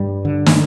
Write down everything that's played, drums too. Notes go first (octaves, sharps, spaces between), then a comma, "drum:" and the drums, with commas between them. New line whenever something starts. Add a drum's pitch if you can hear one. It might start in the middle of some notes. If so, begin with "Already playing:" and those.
Already playing: G2 G3
D3
drum: snare